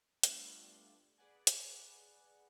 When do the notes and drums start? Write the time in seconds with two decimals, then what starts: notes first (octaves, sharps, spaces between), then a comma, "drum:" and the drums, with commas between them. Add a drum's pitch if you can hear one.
0.23 G3 A3 B3 D4 F4, drum: hi-hat
1.18 G#4 B4 D5 F#5 G#5
1.47 drum: hi-hat